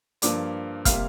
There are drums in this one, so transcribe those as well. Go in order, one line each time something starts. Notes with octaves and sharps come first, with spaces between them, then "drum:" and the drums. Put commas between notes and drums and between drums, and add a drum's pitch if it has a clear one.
G2 F3 A#3 D5 D6, drum: hi-hat
C3 G3 A#3 F5 F6, drum: kick F1, hi-hat